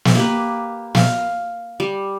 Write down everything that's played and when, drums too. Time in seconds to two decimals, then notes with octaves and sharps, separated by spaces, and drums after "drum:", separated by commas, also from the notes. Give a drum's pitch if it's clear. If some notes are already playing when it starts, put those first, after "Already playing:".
0.05 drum: snare
0.15 A#3 G4 B4
0.95 F5, drum: snare
1.80 G3